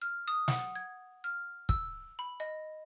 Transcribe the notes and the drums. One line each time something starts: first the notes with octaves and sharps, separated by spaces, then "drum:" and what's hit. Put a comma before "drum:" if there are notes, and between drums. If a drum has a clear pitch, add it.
F6
D#6
F#5, drum: snare
G#6
F6
E6, drum: kick
B5
D#5